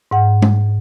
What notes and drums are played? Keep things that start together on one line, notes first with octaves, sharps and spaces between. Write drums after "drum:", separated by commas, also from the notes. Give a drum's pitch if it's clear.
G#2 F#5
drum: tom